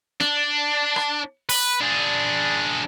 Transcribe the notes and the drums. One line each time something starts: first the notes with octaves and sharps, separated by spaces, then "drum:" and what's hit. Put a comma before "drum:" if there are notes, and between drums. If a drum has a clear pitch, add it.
D4, drum: snare
drum: rim click
B4, drum: open hi-hat
D4 G#4